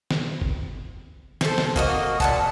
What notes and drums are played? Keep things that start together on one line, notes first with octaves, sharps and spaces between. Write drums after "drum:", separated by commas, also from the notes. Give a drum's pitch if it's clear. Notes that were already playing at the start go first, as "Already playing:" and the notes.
drum: snare
drum: kick
A4 C5, drum: snare
drum: snare
A#3 F#4 D#5, drum: kick
A#2 F#5 A5, drum: kick